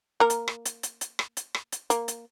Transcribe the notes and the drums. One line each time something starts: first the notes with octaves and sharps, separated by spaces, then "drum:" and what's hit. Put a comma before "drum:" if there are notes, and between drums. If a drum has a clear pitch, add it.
A#3 A#4
drum: hi-hat
drum: rim click
drum: hi-hat
drum: hi-hat
drum: hi-hat
drum: rim click
drum: hi-hat
drum: rim click
drum: hi-hat
A#3, drum: hi-hat
drum: hi-hat